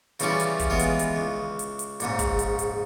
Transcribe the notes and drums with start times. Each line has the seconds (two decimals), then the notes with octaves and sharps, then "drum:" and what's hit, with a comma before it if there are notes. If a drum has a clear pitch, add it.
0.20 C#3 E3 G3 C#4 E4 F4, drum: hi-hat
0.40 drum: hi-hat
0.59 drum: kick, hi-hat
0.70 E3 G#3 B3 F4
0.79 drum: hi-hat
0.99 drum: hi-hat
1.16 C#2
1.59 drum: hi-hat
1.79 drum: hi-hat
2.00 A#1 G#2 C#3, drum: hi-hat
2.19 drum: kick, hi-hat
2.39 drum: hi-hat
2.59 drum: hi-hat